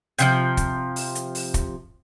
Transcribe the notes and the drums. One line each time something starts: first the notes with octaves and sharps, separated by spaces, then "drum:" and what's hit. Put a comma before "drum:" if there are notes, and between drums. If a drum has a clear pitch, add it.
C3 E3 F3, drum: hi-hat
drum: kick, hi-hat
drum: open hi-hat
drum: hi-hat
drum: open hi-hat
drum: kick, hi-hat